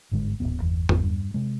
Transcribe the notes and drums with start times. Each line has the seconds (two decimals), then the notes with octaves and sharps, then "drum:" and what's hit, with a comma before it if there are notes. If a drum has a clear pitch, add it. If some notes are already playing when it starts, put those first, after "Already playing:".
0.12 G1 G#2 D3 G#3
0.40 D#1 A1 A2 B3
0.62 G1 E2
0.89 G#1, drum: tom E2
1.03 G2
1.34 C3 G#3